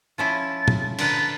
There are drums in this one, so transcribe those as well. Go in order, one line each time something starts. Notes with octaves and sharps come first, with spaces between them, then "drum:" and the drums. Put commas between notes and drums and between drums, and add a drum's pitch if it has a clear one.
F3 C#4 E4 A6
drum: tom A#2
D3 A#4 B4 A6, drum: cymbal